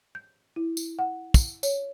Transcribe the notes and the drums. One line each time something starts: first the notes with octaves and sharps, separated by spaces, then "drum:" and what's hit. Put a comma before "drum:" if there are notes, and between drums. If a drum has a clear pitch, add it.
G6
E4
drum: tambourine
F#5
drum: kick, tambourine
C#5, drum: tambourine